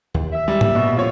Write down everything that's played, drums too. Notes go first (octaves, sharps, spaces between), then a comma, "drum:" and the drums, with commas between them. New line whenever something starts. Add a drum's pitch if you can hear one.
D#2
E5
G3 G#3
A#2, drum: tom G#2
B2
F2 F3 F4 C#5